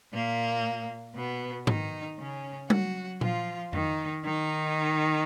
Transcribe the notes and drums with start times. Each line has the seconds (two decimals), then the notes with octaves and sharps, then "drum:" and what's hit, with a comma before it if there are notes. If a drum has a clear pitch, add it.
0.13 A#2 A#3
1.15 B2 B3
1.67 D#3 D#4, drum: tom
2.18 C#3 C#4
2.70 F#3 F#4, drum: tom G3
3.21 F3 F4, drum: tom A#2
3.73 D#3 D#4, drum: tom F2
4.24 D#3 D#4